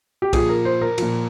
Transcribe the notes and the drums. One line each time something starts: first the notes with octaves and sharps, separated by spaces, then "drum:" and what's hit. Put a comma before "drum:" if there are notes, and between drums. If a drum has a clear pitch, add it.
G4
A#2 F3 G#4, drum: kick B1, cymbal
A#4
C5
A#4
A#2 F3, drum: cymbal